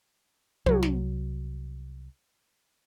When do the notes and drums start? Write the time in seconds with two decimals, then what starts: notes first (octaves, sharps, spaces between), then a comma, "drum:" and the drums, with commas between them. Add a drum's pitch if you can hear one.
0.66 C2 F#3, drum: tom
0.83 drum: snare